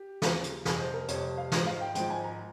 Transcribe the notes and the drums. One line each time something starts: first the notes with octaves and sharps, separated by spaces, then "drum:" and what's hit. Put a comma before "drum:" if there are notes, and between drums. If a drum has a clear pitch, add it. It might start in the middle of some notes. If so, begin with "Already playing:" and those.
Already playing: G4
D#2 C#3 F3 G#3, drum: snare
drum: hi-hat
F1 F2 C3 G3 G#4, drum: snare
C5
A#4
F1 F2 C3 G3 C#5, drum: hi-hat
F5
G#1 G#2 F3, drum: snare
F5
G5
G#1 G#2 F3 G5, drum: hi-hat
G#5
A#5